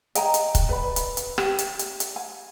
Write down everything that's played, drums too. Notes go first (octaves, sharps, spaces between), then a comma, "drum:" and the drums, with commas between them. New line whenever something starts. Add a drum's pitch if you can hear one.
D#5 G5 G#5 A#5, drum: hi-hat
drum: hi-hat
drum: kick C#1, hi-hat
B4 D5 B5
drum: hi-hat
drum: hi-hat
G4, drum: rim click
drum: hi-hat
drum: hi-hat
drum: hi-hat
G#5